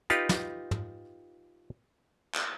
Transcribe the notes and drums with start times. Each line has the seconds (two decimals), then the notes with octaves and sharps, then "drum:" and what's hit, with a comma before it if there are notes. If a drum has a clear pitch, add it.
0.10 D#4 F4 G4 B4, drum: hi-hat
0.29 drum: snare
0.71 drum: tom
2.35 drum: clap